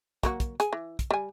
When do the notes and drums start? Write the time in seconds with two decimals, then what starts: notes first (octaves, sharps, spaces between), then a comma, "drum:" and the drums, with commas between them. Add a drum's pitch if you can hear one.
0.23 F#3 A#3 F#4, drum: kick, hi-hat
0.40 drum: kick, hi-hat
0.60 G#4, drum: hi-hat
0.73 E3
0.99 drum: kick, hi-hat
1.11 G3 G#5